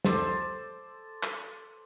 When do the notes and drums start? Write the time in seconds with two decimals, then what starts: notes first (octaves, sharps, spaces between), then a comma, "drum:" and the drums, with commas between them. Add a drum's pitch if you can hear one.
0.05 A4 C5 D5, drum: snare
1.23 drum: clap